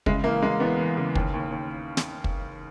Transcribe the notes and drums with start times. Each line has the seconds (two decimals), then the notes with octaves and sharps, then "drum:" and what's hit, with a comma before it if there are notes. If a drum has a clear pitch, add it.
0.06 C#3 G#3, drum: kick
0.24 E3 A#3
0.42 E2 G#3
0.60 E2 B3
0.79 E3
0.97 C#3
1.15 D#2, drum: kick
1.34 D#2
1.51 D#2
1.97 drum: snare
2.24 drum: kick